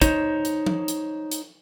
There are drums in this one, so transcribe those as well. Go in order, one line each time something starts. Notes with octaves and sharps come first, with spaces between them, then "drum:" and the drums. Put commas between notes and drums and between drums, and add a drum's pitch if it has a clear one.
D#4 C5 C#5, drum: kick, hi-hat
drum: hi-hat
drum: tom F3
drum: hi-hat
drum: hi-hat